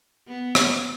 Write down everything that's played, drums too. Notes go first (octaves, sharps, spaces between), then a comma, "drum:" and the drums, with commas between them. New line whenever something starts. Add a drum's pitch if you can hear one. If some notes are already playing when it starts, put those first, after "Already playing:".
B3
drum: rim click